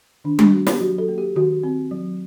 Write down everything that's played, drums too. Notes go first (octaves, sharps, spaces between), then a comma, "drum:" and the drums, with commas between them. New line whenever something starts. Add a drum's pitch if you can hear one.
D#3 D4
D4, drum: tom G3
D4 F#4
G4, drum: snare
F#3 F#4
A4
A#3
G4
D#3 F#4
C4
F#3